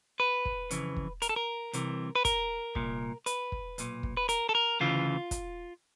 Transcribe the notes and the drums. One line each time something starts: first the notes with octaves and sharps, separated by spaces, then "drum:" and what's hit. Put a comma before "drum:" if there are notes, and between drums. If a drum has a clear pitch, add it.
B4
drum: kick
F2 C#3 E3, drum: hi-hat
drum: kick
A#4, drum: hi-hat
A4
A#4
C2 C3 E3, drum: hi-hat
B4
A#4, drum: kick, hi-hat
C2 A#2, drum: kick
B4, drum: hi-hat
drum: kick
B1 A#2, drum: hi-hat
drum: kick
B4
A#4, drum: hi-hat
A4
A#4
D2 C#3 E3 F4
drum: kick, hi-hat